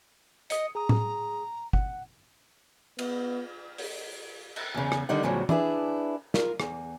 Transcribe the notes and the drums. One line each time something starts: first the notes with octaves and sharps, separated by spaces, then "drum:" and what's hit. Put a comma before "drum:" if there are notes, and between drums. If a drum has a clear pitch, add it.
D#5 D#6 C#7, drum: hi-hat
G#4 A#5 D#6
drum: tom A2
F#5, drum: kick G1
B3, drum: cymbal
drum: open hi-hat
drum: cymbal
E2 C#3
drum: rim click
D3 D#3 G3 D#4 F#5
E2 A2 C#3 F3 F#3
D4 E4 G#4 B4, drum: tom
F4 A#4, drum: snare
E2, drum: rim click